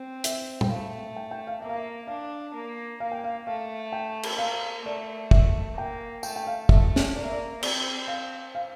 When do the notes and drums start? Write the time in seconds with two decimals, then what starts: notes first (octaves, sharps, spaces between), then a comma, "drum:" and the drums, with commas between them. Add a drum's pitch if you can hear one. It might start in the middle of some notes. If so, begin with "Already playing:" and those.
Already playing: C4
0.24 E5, drum: hi-hat
0.61 G5, drum: tom A#2
0.69 A3 F5
1.16 G5
1.31 G5
1.47 F5
1.62 A#3 E5
1.69 F5
1.76 E5
2.08 D4 F5
2.54 A#3
3.00 A#3 F5
3.12 G5
3.24 F5
3.47 A3 F5
3.93 G5
4.23 drum: cymbal
4.38 A#3 F5
4.84 A3 D5
5.31 E5, drum: kick
5.77 A#3 G5
6.23 A3 G5, drum: tambourine
6.36 G5
6.47 F5
6.69 A3 E5, drum: kick
6.96 drum: snare
7.15 A#3 D5
7.24 E5
7.32 D5
7.63 C4 D5, drum: cymbal
8.08 F5
8.55 F5